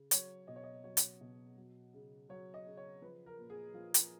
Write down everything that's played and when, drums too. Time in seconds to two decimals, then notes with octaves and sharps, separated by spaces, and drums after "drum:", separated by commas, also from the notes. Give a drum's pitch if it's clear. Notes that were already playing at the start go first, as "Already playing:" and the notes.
Already playing: C#3
0.11 F#3 C#5, drum: hi-hat
0.47 B2 D#5
0.56 C#5
0.63 D#5
0.84 F#3 C#5
0.97 drum: hi-hat
1.21 B2
1.56 F#3
1.94 C#3
2.29 F#3 C#5
2.54 D#5
2.66 C#3
2.77 C#5
3.02 F3 B4
3.26 A#4
3.38 A#2
3.50 G#4
3.74 F3 F4
3.94 drum: hi-hat